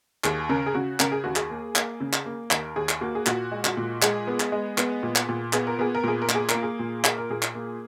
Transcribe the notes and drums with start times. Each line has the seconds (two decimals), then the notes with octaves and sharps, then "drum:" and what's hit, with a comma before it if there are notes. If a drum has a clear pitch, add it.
0.24 D#2 G#4, drum: clap
0.49 C#3 A#4
0.66 G#4
0.75 C#3 F#4
1.00 C#3 A#4, drum: clap
1.12 G#4
1.24 D#2 F#4
1.36 G#4, drum: clap
1.50 A#3
1.76 A#3, drum: clap
2.00 C#3
2.13 drum: clap
2.26 A#3
2.51 D#2 A#4, drum: clap
2.76 D#2 G#4
2.89 drum: clap
3.01 A#3 F#4
3.15 G#4
3.26 A#2 F#4, drum: clap
3.52 G#3
3.65 F#4, drum: clap
3.77 A#2
4.02 G#3 G#4, drum: clap
4.27 B3
4.40 drum: clap
4.52 G#3
4.78 B3, drum: clap
5.03 A#2
5.16 drum: clap
5.29 A#2
5.53 B3 G#4, drum: clap
5.67 A#4
5.79 B3 G#4
5.95 A#4
6.04 A#2 G#4
6.22 A#4
6.29 A#3, drum: clap
6.35 G#4
6.49 A#4, drum: clap
6.54 A#3
6.63 G#4
6.79 A#2
7.04 A#3 G#4, drum: clap
7.18 A#4
7.30 A#2 G#4
7.42 drum: clap
7.55 A#3